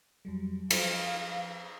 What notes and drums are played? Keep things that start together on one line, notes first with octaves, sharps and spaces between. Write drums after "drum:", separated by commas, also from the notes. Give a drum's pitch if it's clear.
F2 F#3 G3
F3 B4 F5, drum: cymbal